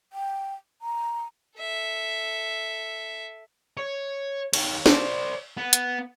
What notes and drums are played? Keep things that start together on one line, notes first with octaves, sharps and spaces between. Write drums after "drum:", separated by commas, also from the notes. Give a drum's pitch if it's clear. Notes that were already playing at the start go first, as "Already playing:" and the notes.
G5
A#5
A4 E5
C#5
D#3 C#5, drum: cymbal
C5 D5, drum: snare
B3
drum: hi-hat